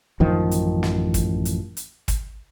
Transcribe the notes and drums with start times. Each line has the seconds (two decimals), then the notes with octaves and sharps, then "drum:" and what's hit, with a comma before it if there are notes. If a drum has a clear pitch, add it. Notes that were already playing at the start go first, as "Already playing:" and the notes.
0.20 A1 F#2 D#3 F3
0.51 drum: hi-hat
0.83 drum: snare
1.14 drum: kick, hi-hat
1.45 drum: hi-hat
1.77 drum: hi-hat
2.08 drum: kick, hi-hat